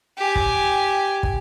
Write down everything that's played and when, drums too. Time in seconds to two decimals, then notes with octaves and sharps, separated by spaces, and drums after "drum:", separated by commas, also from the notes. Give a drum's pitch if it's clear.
0.18 G4 G#5
0.36 drum: kick
1.23 drum: kick